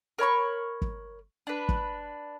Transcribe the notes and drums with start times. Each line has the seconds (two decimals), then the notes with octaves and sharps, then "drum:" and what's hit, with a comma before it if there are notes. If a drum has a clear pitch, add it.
0.19 A#4 C#5 B5 C#6
0.82 drum: kick
1.47 D4 B4
1.69 drum: kick